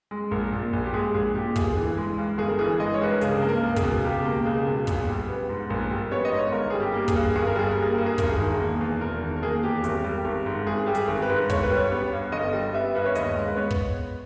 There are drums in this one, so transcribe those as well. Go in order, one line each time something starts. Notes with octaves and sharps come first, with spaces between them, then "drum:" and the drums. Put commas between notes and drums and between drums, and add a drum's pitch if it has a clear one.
G#3
A#1 A#4
A#2
A#1
G4
G#3 G#4
A#1 G#4
A#2 G4
G1 G#4, drum: kick, hi-hat
E3
G#3
G2
G1 G#4
A#4
E3 G#4
G#3 D#5
C#5
G2 B4
A#4
C#2 G#4, drum: hi-hat
A#3
A#4
C#2
G#4, drum: kick, hi-hat
B2
C#2 G4
A#3
C#2 G#4
B2
A#1, drum: kick, hi-hat
G3
B3
G#2
A#1 A#4
G3
B3 C#5
D#5
G#2
C#5
G1 A#4
G3 G#4
G4
A#3
G#4, drum: kick, hi-hat
G2
G1 G#4
A#4
G3 G#4
A#4
A#3
G#4
G2 A#4
G#4
E1 A#4, drum: kick, hi-hat
G#4
D#3
A#3
E2
E1 A#4
D#3
A#4
A#3 G#4
E2 G4
G#1, drum: hi-hat
G3
G#1
G#2
G#1 G#4
G3 G4
G#4, drum: hi-hat
G#1
B4
G#2
G1 C#5, drum: kick, hi-hat
B4
G3
C#5
B3
G2
G1 D#5
G3
B3 E5
G2 B4
C#5
D#2 D#5, drum: hi-hat
G#3
B4
B3 C#5
drum: kick